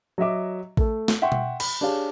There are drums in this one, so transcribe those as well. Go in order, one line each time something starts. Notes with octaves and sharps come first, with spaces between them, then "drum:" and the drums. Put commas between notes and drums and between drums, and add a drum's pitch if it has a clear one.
F#3 D#5 E5 D6
A3 A4, drum: kick A1
drum: snare
E5 F#5 G5 C6 C#6
drum: tom B2
B5, drum: cymbal
D4 G4 G#4 C#5 F5